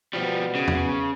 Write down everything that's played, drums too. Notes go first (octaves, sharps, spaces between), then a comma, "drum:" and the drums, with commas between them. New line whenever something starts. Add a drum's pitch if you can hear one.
B2 F3 G3 B3
C#3
drum: tom E2